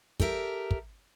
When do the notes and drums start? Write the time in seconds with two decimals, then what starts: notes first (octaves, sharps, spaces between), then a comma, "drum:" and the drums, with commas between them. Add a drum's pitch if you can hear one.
0.20 G4 A4 A#4 E5, drum: kick
0.71 drum: kick